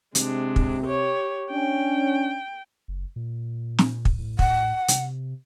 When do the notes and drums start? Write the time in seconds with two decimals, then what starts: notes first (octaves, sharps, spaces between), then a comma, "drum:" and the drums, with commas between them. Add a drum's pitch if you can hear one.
0.15 C3 G#3 D4, drum: hi-hat
0.56 drum: kick
0.83 G4 C#5
1.51 C#4 D4 G5
2.88 F#1
3.16 A#2
3.79 drum: snare
4.05 drum: kick
4.19 A2
4.39 A2 F#5, drum: kick
4.88 C3, drum: hi-hat